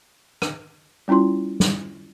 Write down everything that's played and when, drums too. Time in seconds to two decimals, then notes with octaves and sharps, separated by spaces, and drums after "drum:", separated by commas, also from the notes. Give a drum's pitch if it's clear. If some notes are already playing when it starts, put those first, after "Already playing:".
0.42 drum: rim click
1.08 G3 C#4 E4 F4 C6
1.60 drum: snare